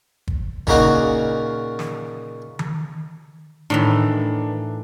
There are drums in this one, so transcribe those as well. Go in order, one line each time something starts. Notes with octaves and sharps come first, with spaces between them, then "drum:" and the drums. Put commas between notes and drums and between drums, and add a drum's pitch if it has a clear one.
drum: kick
A#2 C#3 A#3 D#4 F#4, drum: kick
drum: snare
drum: tom D#3
A2 D#3 E3 D4